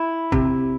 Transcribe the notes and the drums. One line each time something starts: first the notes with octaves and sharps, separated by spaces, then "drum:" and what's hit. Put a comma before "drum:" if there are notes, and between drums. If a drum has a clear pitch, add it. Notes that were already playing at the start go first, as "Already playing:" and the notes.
Already playing: E4
C3, drum: kick